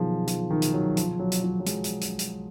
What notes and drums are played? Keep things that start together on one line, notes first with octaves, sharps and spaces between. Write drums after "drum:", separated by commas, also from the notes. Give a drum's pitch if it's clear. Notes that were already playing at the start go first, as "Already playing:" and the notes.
Already playing: B2 D#3 F3 F#3 B3 F4 G#4
F3, drum: hi-hat
D#3
drum: hi-hat
F#3
F3, drum: hi-hat
F#3
drum: hi-hat
F#3
F#3
G#3, drum: hi-hat
drum: hi-hat
drum: hi-hat
drum: hi-hat